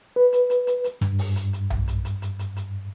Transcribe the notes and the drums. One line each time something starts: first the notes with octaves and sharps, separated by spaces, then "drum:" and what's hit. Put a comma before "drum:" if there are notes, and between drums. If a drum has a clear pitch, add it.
B4
drum: hi-hat
drum: hi-hat
drum: hi-hat
drum: hi-hat
G2, drum: snare
drum: open hi-hat
drum: hi-hat
drum: hi-hat
drum: tom B1
drum: hi-hat
drum: hi-hat
drum: hi-hat
drum: hi-hat
drum: hi-hat